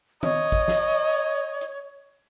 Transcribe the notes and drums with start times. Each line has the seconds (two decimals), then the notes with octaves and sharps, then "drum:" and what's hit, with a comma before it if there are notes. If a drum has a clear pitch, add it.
0.23 C#5 D#5, drum: tom
0.52 drum: kick
0.68 drum: snare
1.61 drum: hi-hat